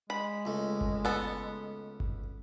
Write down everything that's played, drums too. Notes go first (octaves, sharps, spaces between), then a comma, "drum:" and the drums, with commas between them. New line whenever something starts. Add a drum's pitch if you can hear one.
G#3 B5
C#2 A3
drum: kick G1
B3 A4
drum: kick G1